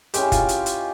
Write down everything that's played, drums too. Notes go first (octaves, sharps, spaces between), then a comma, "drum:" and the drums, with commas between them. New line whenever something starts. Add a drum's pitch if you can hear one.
G#3 C#4 E4 G4, drum: hi-hat
F4, drum: kick, hi-hat
drum: hi-hat
drum: hi-hat